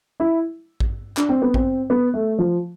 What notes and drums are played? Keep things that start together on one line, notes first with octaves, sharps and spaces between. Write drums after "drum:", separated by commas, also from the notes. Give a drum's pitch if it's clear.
E4
drum: kick A1
D4, drum: clap
C4
B3
C4, drum: kick A1
B3
A3
F3